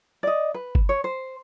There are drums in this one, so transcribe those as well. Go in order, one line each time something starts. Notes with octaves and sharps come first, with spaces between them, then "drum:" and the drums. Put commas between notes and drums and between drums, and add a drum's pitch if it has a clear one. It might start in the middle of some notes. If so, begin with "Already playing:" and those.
D5 D#5
B4
drum: kick G1
C#5
C5